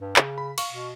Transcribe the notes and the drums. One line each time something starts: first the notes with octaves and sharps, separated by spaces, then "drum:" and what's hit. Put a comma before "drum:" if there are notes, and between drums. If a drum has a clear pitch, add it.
G2
C#3, drum: clap
B5
F5 C#6, drum: cymbal
B2